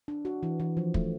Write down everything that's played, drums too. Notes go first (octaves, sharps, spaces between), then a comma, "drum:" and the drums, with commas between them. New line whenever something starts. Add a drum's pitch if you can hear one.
D4
F#4
E3
E3
F3
A3, drum: kick